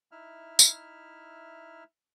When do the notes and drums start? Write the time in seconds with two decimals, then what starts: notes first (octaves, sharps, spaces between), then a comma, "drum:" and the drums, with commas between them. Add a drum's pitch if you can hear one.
0.12 D#4 E4 E5 F6
0.59 drum: tambourine